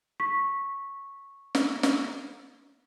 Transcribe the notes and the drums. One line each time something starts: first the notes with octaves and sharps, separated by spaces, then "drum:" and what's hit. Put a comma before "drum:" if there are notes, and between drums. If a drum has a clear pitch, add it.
C#6 B6
drum: snare
drum: snare